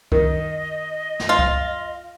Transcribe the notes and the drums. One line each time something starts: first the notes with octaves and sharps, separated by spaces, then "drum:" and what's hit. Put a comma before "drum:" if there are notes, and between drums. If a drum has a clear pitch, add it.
D#3 D#5, drum: kick C2
drum: snare
F4
drum: kick C2